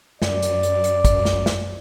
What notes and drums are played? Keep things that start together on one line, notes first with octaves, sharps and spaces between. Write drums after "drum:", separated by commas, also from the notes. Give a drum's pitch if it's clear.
F#2 D5, drum: snare
drum: hi-hat
drum: hi-hat
drum: hi-hat
drum: kick, hi-hat
drum: snare
drum: snare